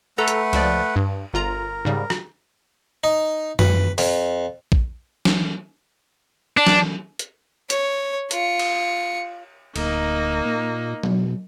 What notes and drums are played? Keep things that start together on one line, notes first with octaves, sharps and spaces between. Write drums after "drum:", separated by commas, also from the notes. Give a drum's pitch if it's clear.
A3 A4 B4 F#5 A#5
drum: hi-hat
C#2 F3 D5, drum: cymbal
G2
G1 F4 A#4 A#5
G#2 C#3 G3
drum: rim click
D#4
B4, drum: tom F#2
F2, drum: open hi-hat
drum: kick A#1
drum: snare
D4
drum: snare
drum: hi-hat
C#5, drum: hi-hat
F4 C#7, drum: hi-hat
drum: cymbal
D1 A#3 D#4, drum: cymbal
A#2
B2, drum: tom F#3